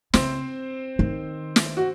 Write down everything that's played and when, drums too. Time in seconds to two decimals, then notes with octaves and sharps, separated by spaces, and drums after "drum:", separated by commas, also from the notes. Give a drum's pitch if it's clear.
0.14 C#3 C4 C5, drum: snare
0.99 D#3
1.56 drum: snare
1.77 F#4